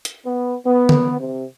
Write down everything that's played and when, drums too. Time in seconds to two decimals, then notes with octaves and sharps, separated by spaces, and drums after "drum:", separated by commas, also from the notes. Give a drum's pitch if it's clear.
0.05 drum: hi-hat
0.25 B3
0.66 B3
0.89 drum: tom D3
1.20 C3